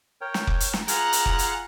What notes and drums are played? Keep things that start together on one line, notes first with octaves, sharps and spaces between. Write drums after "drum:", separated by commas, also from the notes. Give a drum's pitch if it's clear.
A#4 C#5 G5
drum: snare
drum: kick F1
drum: hi-hat
drum: snare
F4 G#4 F#5 G#5 A#5, drum: hi-hat
drum: hi-hat
drum: kick F1
drum: hi-hat